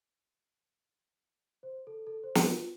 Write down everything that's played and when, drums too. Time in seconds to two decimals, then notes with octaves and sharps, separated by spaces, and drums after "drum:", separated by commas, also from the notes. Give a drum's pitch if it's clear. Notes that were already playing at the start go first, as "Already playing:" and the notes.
1.63 C5
1.87 A4
2.07 A4
2.24 C5
2.35 drum: snare
2.48 F4